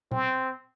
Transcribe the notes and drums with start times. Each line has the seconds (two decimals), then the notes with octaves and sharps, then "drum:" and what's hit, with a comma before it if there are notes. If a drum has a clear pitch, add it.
0.12 C4, drum: tom A#2